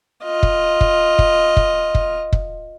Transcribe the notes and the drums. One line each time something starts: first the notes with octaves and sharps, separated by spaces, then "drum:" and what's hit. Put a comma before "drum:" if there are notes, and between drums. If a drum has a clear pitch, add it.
F4 D#5
drum: kick
drum: kick
drum: kick
drum: kick
drum: kick
drum: kick